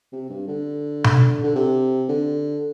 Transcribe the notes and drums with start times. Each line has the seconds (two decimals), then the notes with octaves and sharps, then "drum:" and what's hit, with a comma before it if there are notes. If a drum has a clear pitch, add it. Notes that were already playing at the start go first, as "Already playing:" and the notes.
0.12 C3
0.29 G2
0.47 D3
1.04 drum: tom B2
1.43 D3
1.55 C3
2.09 D3